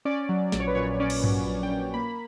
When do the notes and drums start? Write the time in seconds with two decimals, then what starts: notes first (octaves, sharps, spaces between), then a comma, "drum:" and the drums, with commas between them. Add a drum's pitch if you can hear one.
0.05 C#4 D5
0.29 F#3
0.52 A#1 D5, drum: snare
0.60 C#5
0.67 B4
0.75 A#2 C#5
1.00 C#4 D5
1.10 drum: cymbal
1.24 F#3, drum: tom G2
1.47 A#1
1.63 G5
1.71 A#2
1.94 A#3 B5